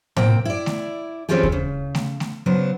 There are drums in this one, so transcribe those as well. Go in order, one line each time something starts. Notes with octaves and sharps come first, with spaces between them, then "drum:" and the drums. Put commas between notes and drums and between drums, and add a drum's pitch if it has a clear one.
C3 A#3 C4 G5, drum: tom A2
E4 D5
drum: snare A3
E3 C4 C#4 F4 G4 G#4
drum: kick D#2
C#3
drum: snare A3
drum: snare A3
C#3 F#3 B3 C5